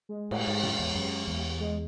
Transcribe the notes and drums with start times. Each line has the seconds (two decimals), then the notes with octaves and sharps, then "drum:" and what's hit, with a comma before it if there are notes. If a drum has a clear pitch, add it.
0.09 G#3
0.31 A2, drum: cymbal
0.47 G#2
0.63 F#2, drum: tom A2
0.79 E2
0.95 F#2
1.28 E2
1.60 G#3